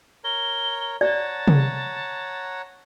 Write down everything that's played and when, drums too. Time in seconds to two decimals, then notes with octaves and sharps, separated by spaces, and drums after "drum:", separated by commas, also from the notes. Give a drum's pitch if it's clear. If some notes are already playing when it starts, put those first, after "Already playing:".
0.24 A#4 C#5 A#5 G7
1.01 C#5 D5 F#5 A5 A#5
1.48 drum: tom